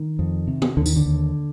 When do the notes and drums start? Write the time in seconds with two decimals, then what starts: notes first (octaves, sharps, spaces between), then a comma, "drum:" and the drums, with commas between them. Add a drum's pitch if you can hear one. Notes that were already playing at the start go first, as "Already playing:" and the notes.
Already playing: D#3
0.19 F2
0.47 C3
0.62 drum: tom D#3
0.77 D#2 D3
0.86 D#3, drum: tambourine
0.96 D3
1.06 D#2